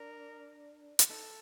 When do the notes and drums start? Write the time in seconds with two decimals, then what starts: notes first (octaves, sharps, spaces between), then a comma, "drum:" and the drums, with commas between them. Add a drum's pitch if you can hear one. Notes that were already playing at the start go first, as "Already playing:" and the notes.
Already playing: D4 A#4
0.99 drum: hi-hat
1.10 D#4 A4